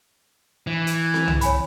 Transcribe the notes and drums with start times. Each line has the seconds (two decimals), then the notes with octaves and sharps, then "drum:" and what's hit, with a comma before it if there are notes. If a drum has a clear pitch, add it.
0.67 E3
0.87 drum: hi-hat
1.14 drum: snare C4
1.28 drum: tom C2
1.41 C#5 G#5 B5, drum: hi-hat